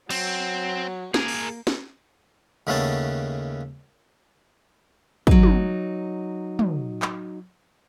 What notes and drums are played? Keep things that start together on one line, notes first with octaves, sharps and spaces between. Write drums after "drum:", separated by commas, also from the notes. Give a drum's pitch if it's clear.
F#3 C4, drum: cymbal
A#3 G#4 A#4, drum: snare
drum: open hi-hat
drum: snare
D#2 C#3 A3 B3 C#4 A5
F#3 D#4, drum: kick
drum: tom
drum: tom
drum: clap